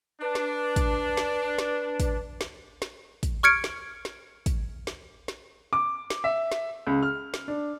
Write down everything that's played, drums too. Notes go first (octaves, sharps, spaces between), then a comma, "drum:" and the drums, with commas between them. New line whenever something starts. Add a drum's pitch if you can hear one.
D4 B4
drum: snare
drum: kick, hi-hat
drum: snare
drum: snare
drum: kick, hi-hat
drum: snare
drum: snare
drum: kick, hi-hat
C#6 F6 G#6 C#7 D7
drum: snare
drum: snare
drum: kick, hi-hat
drum: snare
drum: snare
D6
drum: snare
E5
drum: snare
C#2
F6
drum: snare
D4